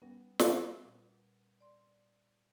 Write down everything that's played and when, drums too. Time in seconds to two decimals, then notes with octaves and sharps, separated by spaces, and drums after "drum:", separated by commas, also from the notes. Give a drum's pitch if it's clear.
0.02 G3 B3 C#4
0.39 drum: snare
0.85 A#2
1.61 D5 C6